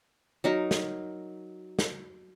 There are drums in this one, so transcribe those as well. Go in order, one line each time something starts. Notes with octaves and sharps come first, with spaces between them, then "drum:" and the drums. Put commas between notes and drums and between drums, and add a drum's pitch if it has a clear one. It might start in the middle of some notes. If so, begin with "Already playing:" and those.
F#3 D#4 A#4
drum: snare
drum: snare